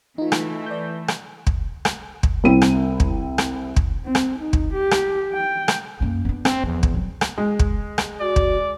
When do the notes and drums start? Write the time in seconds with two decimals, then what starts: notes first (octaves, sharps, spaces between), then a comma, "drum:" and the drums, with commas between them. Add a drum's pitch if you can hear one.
0.18 E3 A3 D#4 F4
0.32 drum: rim click
0.66 D5 G6
1.08 drum: rim click
1.47 drum: kick
1.85 drum: rim click
2.23 drum: kick
2.44 C2 C4 E4 D#7
2.62 drum: rim click
3.00 drum: kick
3.38 drum: rim click
3.76 drum: kick
4.05 C4
4.15 drum: rim click
4.38 D#4
4.53 drum: kick
4.74 G4
4.91 drum: rim click
5.33 G5
5.68 drum: rim click
6.00 F#2 A#3
6.25 B3 D4
6.45 C4, drum: rim click
6.64 E2 F3
6.83 drum: kick
6.95 F#3 B3
7.21 drum: rim click
7.38 G#3
7.60 drum: kick
7.98 drum: rim click
8.21 F#4 D5
8.36 drum: kick